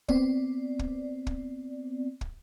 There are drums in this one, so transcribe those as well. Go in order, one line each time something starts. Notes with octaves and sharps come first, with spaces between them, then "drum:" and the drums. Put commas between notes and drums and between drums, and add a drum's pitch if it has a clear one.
B3 C4 D5, drum: kick
drum: kick
drum: kick
drum: kick